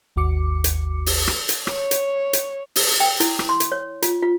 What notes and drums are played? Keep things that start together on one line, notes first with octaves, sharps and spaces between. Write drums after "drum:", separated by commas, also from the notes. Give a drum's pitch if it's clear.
G#1 D#2 F#4 D6 C#7
drum: hi-hat
drum: open hi-hat
drum: rim click
drum: hi-hat
C#5, drum: rim click
drum: hi-hat
drum: hi-hat
drum: open hi-hat
G5
E4, drum: hi-hat
drum: rim click
C6
drum: hi-hat
C#5
F4, drum: hi-hat
F4